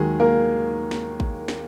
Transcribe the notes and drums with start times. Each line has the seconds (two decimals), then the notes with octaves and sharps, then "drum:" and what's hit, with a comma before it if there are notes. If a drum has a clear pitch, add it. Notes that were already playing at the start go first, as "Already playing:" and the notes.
Already playing: D#2 D#3 F#3 G#3 G#4
0.20 A#3 A#4
0.91 drum: snare
1.20 drum: kick
1.48 drum: snare